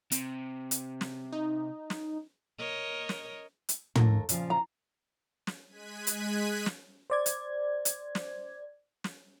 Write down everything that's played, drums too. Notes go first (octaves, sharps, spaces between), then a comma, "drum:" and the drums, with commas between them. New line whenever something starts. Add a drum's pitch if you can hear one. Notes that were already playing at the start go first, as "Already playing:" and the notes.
C3, drum: hi-hat
drum: hi-hat
drum: snare
D#4
drum: snare
A#4 C#5 D#5
drum: snare
drum: hi-hat
D#2 A3 A#4, drum: tom
A#2 C#3 F3, drum: hi-hat
A#5
drum: snare
G#3 F#6 G#6 B6 D#7
drum: hi-hat
drum: snare
C5 D5 G#6
drum: hi-hat
drum: hi-hat
drum: snare
drum: snare